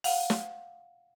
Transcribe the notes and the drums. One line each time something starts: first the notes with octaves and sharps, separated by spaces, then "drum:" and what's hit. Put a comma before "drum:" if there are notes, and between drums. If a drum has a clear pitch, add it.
F5 F#5, drum: open hi-hat
drum: snare